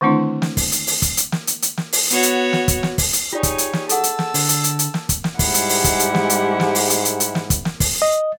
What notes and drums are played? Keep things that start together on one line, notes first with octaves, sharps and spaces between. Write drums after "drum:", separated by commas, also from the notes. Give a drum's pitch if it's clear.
D3 D#3 A3 C4 D4 E4
drum: snare
drum: kick, open hi-hat
drum: hi-hat
drum: open hi-hat
drum: kick, hi-hat
drum: hi-hat
drum: snare
drum: hi-hat
drum: hi-hat
drum: snare
drum: open hi-hat
B3 F#4 C#5, drum: hi-hat
drum: hi-hat
drum: snare
drum: kick, hi-hat
drum: snare
drum: kick, open hi-hat
drum: hi-hat
D#4 F4 G4 G#4 C#5 D5
drum: kick, hi-hat
drum: hi-hat
drum: snare
G#4 A4 F#5 A5 E6, drum: hi-hat
drum: hi-hat
drum: snare
D3, drum: open hi-hat
drum: hi-hat
drum: hi-hat
drum: hi-hat
drum: snare
drum: kick, hi-hat
drum: snare
G#2 G3 G#3 E4 G4 F#5, drum: kick, open hi-hat
drum: hi-hat
drum: open hi-hat
drum: kick, hi-hat
drum: hi-hat
drum: snare
drum: hi-hat
drum: snare
drum: open hi-hat
drum: hi-hat
drum: hi-hat
drum: hi-hat
drum: snare
drum: kick, hi-hat
drum: snare
drum: kick, open hi-hat
D#5